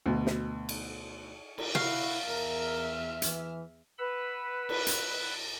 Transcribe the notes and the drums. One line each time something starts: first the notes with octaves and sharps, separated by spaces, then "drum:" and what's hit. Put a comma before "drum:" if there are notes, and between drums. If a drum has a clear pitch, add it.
D2 B2
drum: snare
drum: cymbal
drum: cymbal
E4 F#4 F5, drum: tom
E2 A#4 E5 F6
E3, drum: hi-hat
B4 F#5 B5 E6
drum: cymbal
drum: hi-hat